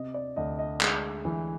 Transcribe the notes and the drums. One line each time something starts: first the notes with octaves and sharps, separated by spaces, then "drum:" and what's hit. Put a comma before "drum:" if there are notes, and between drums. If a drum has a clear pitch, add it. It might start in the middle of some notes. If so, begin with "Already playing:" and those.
Already playing: C3 D#5
D5
D2 D#5
D#5
G#3, drum: clap
E3